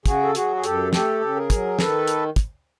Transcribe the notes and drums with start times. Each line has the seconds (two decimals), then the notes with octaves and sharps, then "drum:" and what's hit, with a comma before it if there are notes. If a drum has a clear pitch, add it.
0.06 C#3 F#4 G#4, drum: kick, hi-hat
0.23 A4
0.35 F#3 F#4 G#4, drum: hi-hat
0.56 G#4
0.64 F#2 G4 A4, drum: hi-hat
0.93 A3 G4 A4, drum: snare
1.21 C#3
1.35 G#4 A#4
1.50 F#3, drum: kick, hi-hat
1.79 D#3 A4 B4, drum: snare
2.08 drum: hi-hat
2.36 drum: kick, hi-hat